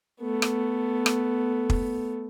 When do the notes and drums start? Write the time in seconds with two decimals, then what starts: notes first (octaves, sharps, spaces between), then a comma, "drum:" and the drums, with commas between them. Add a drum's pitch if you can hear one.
0.21 A3 B3
0.42 drum: rim click
1.06 drum: rim click
1.70 drum: kick